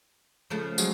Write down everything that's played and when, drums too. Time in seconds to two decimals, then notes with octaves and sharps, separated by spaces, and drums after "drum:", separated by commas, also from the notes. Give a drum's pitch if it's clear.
0.50 C#3 F3 A3
0.78 F#3 G#3, drum: tambourine